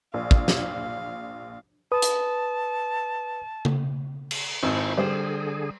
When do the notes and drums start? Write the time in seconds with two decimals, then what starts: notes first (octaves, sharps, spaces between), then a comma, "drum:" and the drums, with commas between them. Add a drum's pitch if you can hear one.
0.14 A#1 F5
0.31 drum: kick
0.48 drum: snare
1.92 B4 A5 D#6
2.02 drum: hi-hat
3.65 drum: tom C#3
4.31 drum: cymbal
4.63 G#1 E4 C5 C#6
4.97 D3 G3 G#4 C5